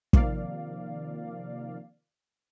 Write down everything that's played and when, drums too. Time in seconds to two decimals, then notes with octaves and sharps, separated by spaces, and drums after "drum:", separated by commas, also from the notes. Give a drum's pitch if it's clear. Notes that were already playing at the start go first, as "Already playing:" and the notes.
0.13 C3 D#3 F3 A#3 D5 F5, drum: kick